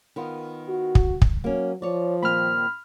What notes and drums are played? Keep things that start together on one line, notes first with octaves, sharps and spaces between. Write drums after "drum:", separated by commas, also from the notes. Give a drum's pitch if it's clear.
D#3 B3 F4
F#4
drum: kick
drum: kick
F#3 A#3 C#4
F3 C#5 D5
D#2 A#2 C4 B5 F6